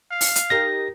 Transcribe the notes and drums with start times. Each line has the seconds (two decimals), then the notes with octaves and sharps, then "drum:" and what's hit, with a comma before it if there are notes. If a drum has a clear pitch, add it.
0.11 F5
0.21 drum: open hi-hat
0.36 drum: hi-hat
0.50 D#4 G4 A#4 A#6